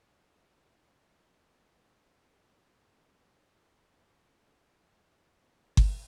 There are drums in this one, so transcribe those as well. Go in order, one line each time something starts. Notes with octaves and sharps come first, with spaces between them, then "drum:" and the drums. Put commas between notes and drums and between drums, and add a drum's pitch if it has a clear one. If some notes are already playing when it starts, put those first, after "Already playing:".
D5
A#2
C#3
D5 F#5
drum: kick G1